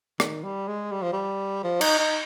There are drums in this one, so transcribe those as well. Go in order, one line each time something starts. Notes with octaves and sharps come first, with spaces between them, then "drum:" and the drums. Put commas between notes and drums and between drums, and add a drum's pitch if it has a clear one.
D#3, drum: rim click
G3
G#3
G3
F3
G3
F3
D#4, drum: cymbal
D#4